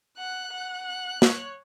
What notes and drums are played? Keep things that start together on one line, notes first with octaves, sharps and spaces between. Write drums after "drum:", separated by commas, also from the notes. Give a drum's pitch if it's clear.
F#5 F#6
F#5
F#6
C#5, drum: snare